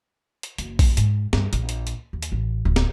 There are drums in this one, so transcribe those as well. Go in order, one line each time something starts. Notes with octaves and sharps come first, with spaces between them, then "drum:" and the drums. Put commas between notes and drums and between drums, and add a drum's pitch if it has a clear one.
drum: hi-hat
F#1, drum: hi-hat
drum: kick A#1, open hi-hat
G#2, drum: hi-hat
G2, drum: snare
A#1, drum: hi-hat
drum: hi-hat
drum: hi-hat
D#2
drum: hi-hat
A1
D1
drum: snare